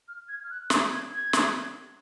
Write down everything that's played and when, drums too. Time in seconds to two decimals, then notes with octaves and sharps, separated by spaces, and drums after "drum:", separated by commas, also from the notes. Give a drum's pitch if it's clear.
0.08 F6
0.29 G#6
0.44 F6
0.50 F#6
0.70 G#6, drum: snare
0.92 G#6
1.12 G#6
1.33 drum: snare